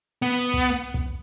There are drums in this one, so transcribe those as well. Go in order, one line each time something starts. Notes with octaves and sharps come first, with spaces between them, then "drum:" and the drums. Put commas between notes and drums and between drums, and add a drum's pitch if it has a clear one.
B3
drum: kick
drum: kick